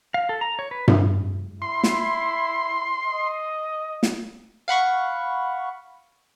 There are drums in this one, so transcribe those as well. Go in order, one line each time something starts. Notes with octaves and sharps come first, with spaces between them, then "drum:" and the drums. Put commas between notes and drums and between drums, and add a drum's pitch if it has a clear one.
F5
A4
A#5
C#5
B4
drum: tom G2
E4 C6
drum: snare
D#5
drum: snare
F5 F#5 B5 C#6